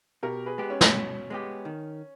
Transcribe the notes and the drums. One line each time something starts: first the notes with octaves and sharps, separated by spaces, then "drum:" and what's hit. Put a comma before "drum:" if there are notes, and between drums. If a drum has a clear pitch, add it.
B2 G4 A#4
G#4 B4
G#3 B3 G4
C#4
drum: snare
B2
G#3 B3 G4
D#3